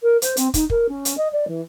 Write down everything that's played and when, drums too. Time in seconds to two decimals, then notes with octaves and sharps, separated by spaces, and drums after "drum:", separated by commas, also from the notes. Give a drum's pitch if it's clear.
0.02 A#4
0.22 C5, drum: hi-hat
0.37 C4, drum: hi-hat
0.54 D#4, drum: kick, hi-hat
0.70 A#4, drum: kick
0.88 C#4
1.05 drum: hi-hat
1.17 D#5
1.32 D5
1.47 E3